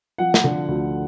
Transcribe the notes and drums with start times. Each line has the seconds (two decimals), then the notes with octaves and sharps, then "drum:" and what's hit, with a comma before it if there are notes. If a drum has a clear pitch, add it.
0.18 F3 F#5
0.34 drum: snare
0.44 D3
0.68 D2